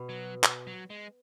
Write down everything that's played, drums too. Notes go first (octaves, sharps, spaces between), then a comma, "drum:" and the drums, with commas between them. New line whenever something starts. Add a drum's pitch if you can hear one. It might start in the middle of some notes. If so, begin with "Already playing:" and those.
Already playing: B2
F#3
drum: clap
F#3
G#3